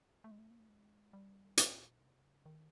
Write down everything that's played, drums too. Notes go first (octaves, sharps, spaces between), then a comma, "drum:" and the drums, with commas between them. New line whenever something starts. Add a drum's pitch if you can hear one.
A3
G#3
A3
A#3
A3
G#3
G3
C#3, drum: hi-hat
A2
A#2
B2
C3
C#3
D#3